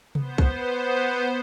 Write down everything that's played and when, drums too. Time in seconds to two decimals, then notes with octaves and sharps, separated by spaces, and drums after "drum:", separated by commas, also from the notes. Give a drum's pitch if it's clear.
0.15 B3 C5, drum: tom C3
0.38 drum: kick